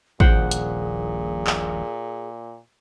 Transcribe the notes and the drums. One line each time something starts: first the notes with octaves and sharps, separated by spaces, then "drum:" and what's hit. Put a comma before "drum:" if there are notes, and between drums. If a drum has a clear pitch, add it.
D#1 A#1 A#2 G#4 C5 F#5 G5, drum: kick
drum: hi-hat
drum: clap